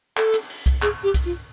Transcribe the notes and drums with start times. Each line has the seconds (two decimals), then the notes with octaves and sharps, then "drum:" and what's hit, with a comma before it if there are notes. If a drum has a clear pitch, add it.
0.17 A4, drum: clap
0.34 drum: hi-hat
0.50 drum: open hi-hat
0.66 drum: kick C2, hi-hat
0.82 G#4, drum: clap
1.03 G4
1.14 drum: kick C2, hi-hat
1.25 F4